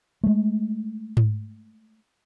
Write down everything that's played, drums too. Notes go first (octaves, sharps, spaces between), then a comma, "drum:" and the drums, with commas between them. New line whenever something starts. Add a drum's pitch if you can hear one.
G#3 A3
drum: tom G#2